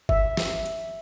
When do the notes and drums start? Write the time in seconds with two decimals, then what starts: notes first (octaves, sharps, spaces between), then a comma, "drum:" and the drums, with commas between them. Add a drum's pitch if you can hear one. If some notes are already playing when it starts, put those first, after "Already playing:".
0.09 E5, drum: kick G1
0.37 drum: snare
0.66 drum: hi-hat